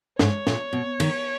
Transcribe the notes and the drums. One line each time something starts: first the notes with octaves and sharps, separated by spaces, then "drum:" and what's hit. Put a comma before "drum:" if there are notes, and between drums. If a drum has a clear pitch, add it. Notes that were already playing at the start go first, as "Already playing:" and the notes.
G#2 C#5, drum: snare
A#2, drum: snare
B2
D#3, drum: cymbal